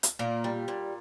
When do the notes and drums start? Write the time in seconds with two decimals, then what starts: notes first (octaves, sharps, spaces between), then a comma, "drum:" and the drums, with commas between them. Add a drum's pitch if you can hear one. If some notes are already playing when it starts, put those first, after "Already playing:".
0.03 drum: hi-hat
0.19 A#2 A#3
0.44 G3
0.68 A#2